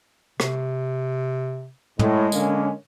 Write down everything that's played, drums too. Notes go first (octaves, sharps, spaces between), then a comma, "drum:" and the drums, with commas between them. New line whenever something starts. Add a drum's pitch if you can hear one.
C3, drum: rim click
A2 G#3, drum: tom
D3 A#3 C#4, drum: tambourine